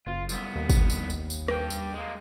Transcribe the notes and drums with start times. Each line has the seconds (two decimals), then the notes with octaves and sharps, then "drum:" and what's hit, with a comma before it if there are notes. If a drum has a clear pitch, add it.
0.07 F#1 F4
0.29 C2 B3, drum: tambourine
0.56 D#2
0.69 drum: kick, tambourine
0.90 drum: tambourine
1.10 drum: tambourine
1.30 drum: tambourine
1.48 G2 G5, drum: rim click
1.70 drum: tambourine
1.94 G#3 A#3